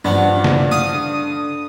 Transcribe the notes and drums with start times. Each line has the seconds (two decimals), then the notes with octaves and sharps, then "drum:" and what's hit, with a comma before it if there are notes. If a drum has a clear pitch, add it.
0.04 A1 G2 F3 B3 D4
0.44 drum: snare
0.71 F5 D#6
0.94 D3